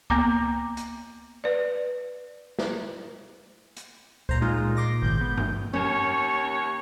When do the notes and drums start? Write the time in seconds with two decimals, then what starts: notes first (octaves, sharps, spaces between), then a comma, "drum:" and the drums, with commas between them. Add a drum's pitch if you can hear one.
0.10 A#3 B3 A#5 D6, drum: kick C#2
0.77 drum: hi-hat
1.44 B4 D5
2.59 drum: snare
3.77 drum: hi-hat
4.29 A#2 C5 A#5, drum: kick C#2
4.41 G#3 D#4 F4
4.77 C6 D6 A#6
5.01 G#1 C#2 G6
5.21 B3
5.37 drum: tom G2
5.73 D#2 C#4 C#5